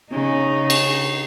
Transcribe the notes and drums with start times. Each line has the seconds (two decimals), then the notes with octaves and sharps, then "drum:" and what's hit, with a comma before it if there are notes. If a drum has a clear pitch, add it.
0.11 C#3 D#4
0.70 drum: cymbal